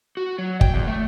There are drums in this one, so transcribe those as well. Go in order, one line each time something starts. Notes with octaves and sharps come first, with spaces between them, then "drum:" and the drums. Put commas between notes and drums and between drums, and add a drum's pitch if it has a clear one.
F#4
F#3
G5, drum: kick G1
E2
A3